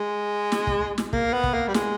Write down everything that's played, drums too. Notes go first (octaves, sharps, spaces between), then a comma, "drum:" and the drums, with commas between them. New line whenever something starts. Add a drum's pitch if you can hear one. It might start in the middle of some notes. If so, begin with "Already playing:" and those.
Already playing: G#3
drum: snare
drum: kick
drum: snare
A#3, drum: kick
B3
drum: kick
A#3
G3
G#3, drum: snare